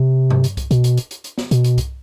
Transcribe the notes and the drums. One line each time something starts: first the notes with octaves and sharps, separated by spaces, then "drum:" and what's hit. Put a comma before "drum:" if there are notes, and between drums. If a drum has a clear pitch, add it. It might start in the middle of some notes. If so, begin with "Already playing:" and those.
Already playing: C3
drum: tom G2
drum: hi-hat
drum: kick C2, hi-hat
B2, drum: hi-hat
drum: hi-hat
drum: hi-hat
drum: hi-hat
drum: hi-hat
drum: snare
B2, drum: hi-hat
drum: hi-hat
drum: kick C2, hi-hat